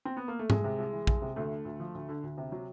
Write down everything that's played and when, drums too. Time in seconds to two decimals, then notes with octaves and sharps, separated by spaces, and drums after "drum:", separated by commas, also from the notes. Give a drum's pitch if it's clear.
0.05 C4
0.17 B3
0.28 A#3
0.39 A3
0.50 C2 G#3, drum: tom G#2
0.64 C3
0.79 C2
0.93 E3
1.07 C2, drum: kick
1.22 C3
1.36 D2 A3
1.51 D3
1.65 D2
1.80 F3
1.94 D2
2.09 D3
2.23 D2
2.38 C3
2.52 F#3